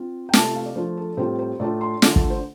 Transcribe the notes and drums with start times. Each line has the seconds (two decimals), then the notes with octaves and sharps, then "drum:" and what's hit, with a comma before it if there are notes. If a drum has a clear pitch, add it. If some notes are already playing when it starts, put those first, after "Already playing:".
Already playing: C4 F4
0.29 G5
0.33 C3 A3 C4 F4 A5, drum: snare
0.55 F5
0.66 D5
0.75 F3 A3 D4 F4 C5
0.97 A4
1.17 A2 G3 C4 F4 C5
1.39 C5
1.60 A2 A3 D4 F4 D5
1.81 C6
2.02 D3 A3 D4 F4, drum: snare
2.16 drum: kick
2.30 C5